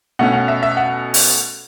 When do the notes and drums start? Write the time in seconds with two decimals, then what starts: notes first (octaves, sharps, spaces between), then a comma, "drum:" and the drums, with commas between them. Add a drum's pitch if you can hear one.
0.19 B2 A3 C#4 F#5
0.33 F#5
0.48 E5
0.63 E5
0.77 F#5
1.14 drum: open hi-hat